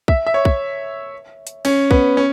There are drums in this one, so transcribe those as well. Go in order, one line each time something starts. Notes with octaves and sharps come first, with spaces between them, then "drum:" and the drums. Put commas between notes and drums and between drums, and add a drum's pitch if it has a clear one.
E5, drum: kick
E5
C#5
drum: kick
drum: hi-hat
C#4, drum: cymbal
B3, drum: kick
C#4